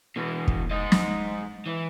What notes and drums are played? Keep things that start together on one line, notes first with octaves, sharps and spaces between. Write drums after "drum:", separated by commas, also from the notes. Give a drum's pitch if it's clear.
B2 E3
drum: kick
G#2 D#5
drum: snare
E3